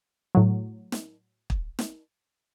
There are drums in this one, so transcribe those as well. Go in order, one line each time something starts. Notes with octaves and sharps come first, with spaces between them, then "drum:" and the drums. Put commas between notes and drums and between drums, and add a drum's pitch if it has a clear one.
A2 F#3
drum: snare
drum: kick
drum: snare